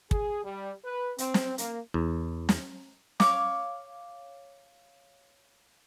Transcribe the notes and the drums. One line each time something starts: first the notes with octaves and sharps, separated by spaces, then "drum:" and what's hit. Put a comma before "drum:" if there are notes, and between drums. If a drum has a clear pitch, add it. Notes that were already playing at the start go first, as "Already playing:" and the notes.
G#4, drum: kick
G3
B4
C4, drum: hi-hat
drum: snare
A#3, drum: hi-hat
E2
drum: snare
C#5 F5 D6, drum: snare